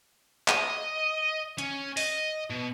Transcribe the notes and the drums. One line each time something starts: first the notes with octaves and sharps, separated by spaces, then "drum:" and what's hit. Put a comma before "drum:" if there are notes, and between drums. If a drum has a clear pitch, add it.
D#5, drum: clap
C#4, drum: hi-hat
D#5, drum: open hi-hat
B2